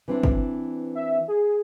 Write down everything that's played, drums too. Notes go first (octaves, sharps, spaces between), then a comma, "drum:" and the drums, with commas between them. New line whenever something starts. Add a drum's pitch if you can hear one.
E3 C4 D4
drum: kick
E5
G#4